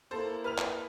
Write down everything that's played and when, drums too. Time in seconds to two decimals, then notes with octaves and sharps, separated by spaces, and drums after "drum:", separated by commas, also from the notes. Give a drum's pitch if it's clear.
0.11 A#3 E4 A4 C5
0.44 B4 F6 F7
0.58 drum: clap